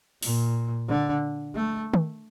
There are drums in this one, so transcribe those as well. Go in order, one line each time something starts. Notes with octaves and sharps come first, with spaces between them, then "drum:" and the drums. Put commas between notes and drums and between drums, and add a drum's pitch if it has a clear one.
A#2, drum: open hi-hat
D3
A3
drum: tom D#3